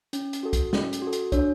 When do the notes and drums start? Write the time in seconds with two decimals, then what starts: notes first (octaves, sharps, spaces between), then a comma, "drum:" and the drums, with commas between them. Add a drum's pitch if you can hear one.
0.13 C#4, drum: hi-hat
0.33 drum: hi-hat
0.43 F#4 A4
0.53 drum: kick, hi-hat
0.73 C#4, drum: snare
0.93 drum: hi-hat
1.02 F#4 A4
1.13 drum: hi-hat
1.32 D4 C#5, drum: kick, hi-hat